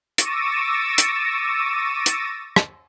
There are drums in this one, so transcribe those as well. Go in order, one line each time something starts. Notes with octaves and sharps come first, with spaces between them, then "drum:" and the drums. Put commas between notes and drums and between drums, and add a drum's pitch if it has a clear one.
C#6 D6 E6 A6 A#6 D#7, drum: hi-hat
drum: hi-hat
drum: hi-hat
drum: rim click